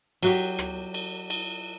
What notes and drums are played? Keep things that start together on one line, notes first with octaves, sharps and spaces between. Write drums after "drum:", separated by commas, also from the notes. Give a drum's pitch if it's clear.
F#3 F#4 G4, drum: cymbal
drum: rim click
drum: cymbal
drum: cymbal